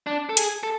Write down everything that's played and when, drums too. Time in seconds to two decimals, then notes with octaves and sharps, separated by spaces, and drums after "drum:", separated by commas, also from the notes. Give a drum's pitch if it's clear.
0.07 D4
0.29 A4
0.37 G#4, drum: hi-hat
0.63 A4